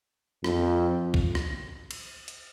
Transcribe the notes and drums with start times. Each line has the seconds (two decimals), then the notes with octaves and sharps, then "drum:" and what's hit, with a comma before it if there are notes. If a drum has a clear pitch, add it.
0.44 F2, drum: rim click
1.14 drum: kick B1
1.35 drum: rim click
1.91 drum: cymbal
2.28 drum: hi-hat